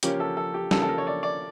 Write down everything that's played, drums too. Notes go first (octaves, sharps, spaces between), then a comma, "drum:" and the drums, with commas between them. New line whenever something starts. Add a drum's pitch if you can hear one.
C#3 F3 A#3 C#4 G4, drum: hi-hat
A4
A4
G4
C#3 F3 A#3 C#4 A4, drum: snare
A4
A#4
C#5
D5
D5